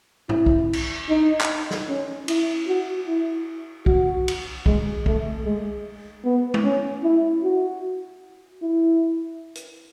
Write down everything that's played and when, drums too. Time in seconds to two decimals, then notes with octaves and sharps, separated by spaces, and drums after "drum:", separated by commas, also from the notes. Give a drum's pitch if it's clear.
0.29 E4, drum: tom G#2
0.46 drum: kick
0.73 drum: cymbal
1.09 D#4
1.41 drum: clap
1.71 drum: snare
1.88 C#4
2.28 E4, drum: cymbal
2.67 F#4
3.07 E4
3.86 F#4, drum: kick
4.28 drum: cymbal
4.66 G#3, drum: kick
5.06 A3, drum: kick
5.45 G#3
6.24 B3
6.54 drum: tom G#3
6.64 C#4
7.04 E4
7.43 F#4
8.62 E4
9.55 drum: hi-hat